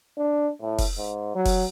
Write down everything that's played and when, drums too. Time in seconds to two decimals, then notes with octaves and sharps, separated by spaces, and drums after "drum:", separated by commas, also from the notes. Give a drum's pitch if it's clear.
0.18 D4
0.62 A2
0.78 drum: kick F1, open hi-hat
0.98 G#2
1.35 F#3
1.45 drum: kick F1, open hi-hat